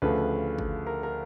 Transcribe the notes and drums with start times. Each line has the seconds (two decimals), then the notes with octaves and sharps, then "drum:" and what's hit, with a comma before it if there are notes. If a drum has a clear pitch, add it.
0.02 D2 C#3 F3 A3 B4
0.58 drum: kick
0.87 A#4
1.03 A#4